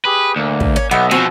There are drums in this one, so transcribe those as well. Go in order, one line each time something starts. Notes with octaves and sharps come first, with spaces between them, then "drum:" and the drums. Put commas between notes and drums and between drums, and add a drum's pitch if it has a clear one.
G4 G#4 B4
D2 A#3
drum: kick
C#4
B1 B3 D#5 E5
B2 F3 C4 F#4 G#5 E6, drum: snare